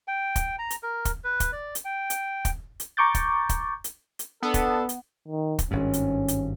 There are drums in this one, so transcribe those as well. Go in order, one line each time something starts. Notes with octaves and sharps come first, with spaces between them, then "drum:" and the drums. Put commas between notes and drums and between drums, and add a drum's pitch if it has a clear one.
G5
drum: kick, hi-hat
A#5
drum: hi-hat
A#4
drum: kick, hi-hat
B4
drum: kick, hi-hat
D5
drum: hi-hat
G5
drum: hi-hat
drum: kick, hi-hat
drum: hi-hat
A#5 C#6 D6 G6 A6
drum: kick, hi-hat
drum: kick, hi-hat
drum: hi-hat
drum: hi-hat
B3 D4 A4
drum: kick, hi-hat
drum: hi-hat
D#3
drum: kick, hi-hat
G#1 G2 C#4
drum: hi-hat
drum: hi-hat